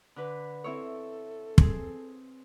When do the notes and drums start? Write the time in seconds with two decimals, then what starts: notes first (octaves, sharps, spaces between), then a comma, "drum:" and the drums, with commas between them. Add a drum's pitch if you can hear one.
0.16 D3 B4
0.64 C4 E4 A4 C#5
1.58 C4 G#4, drum: kick